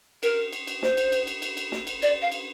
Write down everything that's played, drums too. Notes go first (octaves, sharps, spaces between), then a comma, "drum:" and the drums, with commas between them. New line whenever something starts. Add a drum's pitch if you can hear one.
A#4, drum: cymbal
drum: cymbal
drum: cymbal
C5, drum: snare
drum: cymbal
drum: cymbal
drum: cymbal
drum: cymbal
drum: cymbal
drum: snare
drum: cymbal
D5, drum: cymbal
F5
drum: cymbal